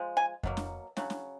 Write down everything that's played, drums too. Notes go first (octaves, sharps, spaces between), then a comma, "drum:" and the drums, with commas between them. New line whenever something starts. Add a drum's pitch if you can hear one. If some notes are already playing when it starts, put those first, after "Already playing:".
Already playing: F3 G#3
G#5
B2 F#3 A#3, drum: kick F2
drum: snare
C#3 F#3, drum: snare
drum: snare